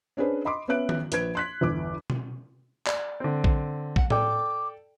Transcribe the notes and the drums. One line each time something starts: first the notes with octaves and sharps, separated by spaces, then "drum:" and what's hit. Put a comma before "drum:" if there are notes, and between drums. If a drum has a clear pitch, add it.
C#4 D4 G#4 B4 C5
D#5 B5 C6 D6
B3 C#4 B4 E5 F#6 D7
drum: tom D#3
A#1 B4 G#6 D7, drum: hi-hat
C6 F#6 B6
G1 E2 D6
drum: tom B2
D5, drum: clap
D3 C4
drum: kick A#1
F#5, drum: kick A#1
A4 D5 G5 D6, drum: tom A2